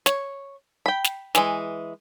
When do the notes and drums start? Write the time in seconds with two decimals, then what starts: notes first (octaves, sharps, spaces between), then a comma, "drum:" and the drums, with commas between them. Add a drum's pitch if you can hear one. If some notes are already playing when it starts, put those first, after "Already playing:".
0.06 C#5, drum: snare
0.86 G5 B5
1.04 drum: snare
1.35 E3 G#3, drum: snare